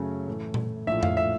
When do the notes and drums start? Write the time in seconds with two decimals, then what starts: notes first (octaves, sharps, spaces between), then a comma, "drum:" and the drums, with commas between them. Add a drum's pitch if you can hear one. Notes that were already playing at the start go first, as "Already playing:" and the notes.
Already playing: F#2 C#3 F#3 A3 C#4
0.28 A2 E3 A3
0.54 drum: tom A#2
0.87 A#1 A2 F3 E5
1.03 F5, drum: tom F2
1.17 E5